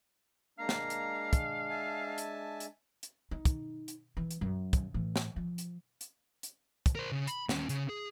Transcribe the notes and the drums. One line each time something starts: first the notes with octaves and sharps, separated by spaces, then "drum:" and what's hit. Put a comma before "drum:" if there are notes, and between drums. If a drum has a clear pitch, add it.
G#3 A#3 D4 F5 A#5
drum: snare
drum: hi-hat
drum: kick, hi-hat
E5 G#5 A5
drum: hi-hat
drum: hi-hat
drum: hi-hat
D#4
drum: kick, hi-hat
drum: hi-hat
E3
drum: hi-hat
F#2
drum: kick, hi-hat
A2 E3
drum: snare
F3
drum: hi-hat
drum: hi-hat
drum: hi-hat
drum: kick, hi-hat
A#4 C5
C#3
B5, drum: hi-hat
D#2 C#4, drum: snare
C#3, drum: hi-hat
G#4